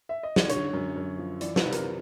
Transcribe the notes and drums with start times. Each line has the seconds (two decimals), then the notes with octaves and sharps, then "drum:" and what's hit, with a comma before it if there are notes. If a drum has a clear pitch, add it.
0.09 E5
0.23 D#5
0.36 D5, drum: snare
0.49 D3 C#5, drum: hi-hat
0.73 F#2
0.96 F#2
1.18 F3
1.41 E3 D5, drum: hi-hat
1.56 B4, drum: snare
1.65 C3
1.72 A#4, drum: hi-hat